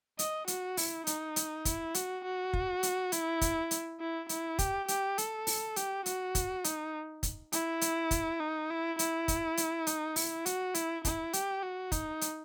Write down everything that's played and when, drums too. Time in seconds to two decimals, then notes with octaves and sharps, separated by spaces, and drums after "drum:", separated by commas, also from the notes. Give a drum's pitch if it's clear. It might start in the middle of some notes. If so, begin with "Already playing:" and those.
0.19 D#5, drum: hi-hat
0.48 F#4, drum: hi-hat
0.77 E4, drum: open hi-hat
1.07 D#4, drum: hi-hat
1.36 drum: hi-hat
1.65 E4, drum: kick, hi-hat
1.94 F#4, drum: hi-hat
2.24 F#4
2.53 drum: kick
2.83 drum: hi-hat
3.12 E4, drum: hi-hat
3.41 drum: kick, hi-hat
3.71 drum: hi-hat
4.00 E4
4.29 E4, drum: hi-hat
4.59 G4, drum: kick, hi-hat
4.88 G4, drum: hi-hat
5.18 A4, drum: hi-hat
5.47 drum: open hi-hat
5.76 G4, drum: hi-hat
6.06 F#4, drum: hi-hat
6.35 drum: kick, hi-hat
6.64 D#4, drum: hi-hat
7.23 drum: kick, hi-hat
7.52 E4, drum: hi-hat
7.81 drum: hi-hat
8.11 drum: kick, hi-hat
8.40 D#4
8.70 E4
8.99 E4, drum: hi-hat
9.28 drum: kick, hi-hat
9.57 drum: hi-hat
9.87 D#4, drum: hi-hat
10.16 E4, drum: open hi-hat
10.46 F#4, drum: hi-hat
10.75 E4, drum: hi-hat
11.05 E4, drum: kick, hi-hat
11.33 G4, drum: hi-hat
11.63 F#4
11.92 D#4, drum: kick, hi-hat
12.21 drum: hi-hat